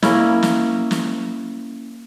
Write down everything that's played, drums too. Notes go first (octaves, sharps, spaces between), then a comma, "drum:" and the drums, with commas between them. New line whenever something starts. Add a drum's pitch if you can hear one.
A#3 C#4 E4, drum: snare
drum: snare
drum: snare